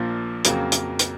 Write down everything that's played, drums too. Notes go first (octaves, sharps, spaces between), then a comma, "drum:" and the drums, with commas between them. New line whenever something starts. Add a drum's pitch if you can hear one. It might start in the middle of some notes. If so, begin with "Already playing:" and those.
Already playing: A#1 A#2 F3 A#3
F2 C#3 F#3 A#3, drum: hi-hat
drum: hi-hat
drum: hi-hat